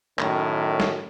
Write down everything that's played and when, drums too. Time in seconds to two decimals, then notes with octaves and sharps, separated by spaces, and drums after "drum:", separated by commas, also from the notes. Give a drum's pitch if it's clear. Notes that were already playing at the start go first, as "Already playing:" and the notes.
0.19 F#2 A2 D#3, drum: clap
0.80 drum: snare